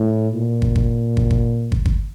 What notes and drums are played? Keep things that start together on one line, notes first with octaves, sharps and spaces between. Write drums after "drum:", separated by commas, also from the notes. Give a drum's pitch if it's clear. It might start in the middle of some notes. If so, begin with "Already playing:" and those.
Already playing: A2
A#2
drum: kick
drum: kick
drum: kick
drum: kick
drum: kick
drum: kick